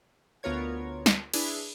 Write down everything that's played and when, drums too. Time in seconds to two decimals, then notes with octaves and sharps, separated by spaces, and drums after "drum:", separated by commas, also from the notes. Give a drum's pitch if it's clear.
0.43 D2 B3 F4 A#4 C#5 G#6
1.06 drum: snare
1.34 D4 E4 G#4 B4, drum: cymbal